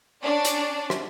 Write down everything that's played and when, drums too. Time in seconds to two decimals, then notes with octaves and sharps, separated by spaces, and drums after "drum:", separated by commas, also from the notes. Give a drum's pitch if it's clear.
0.22 C#4 D4 D5
0.45 drum: hi-hat
0.90 drum: rim click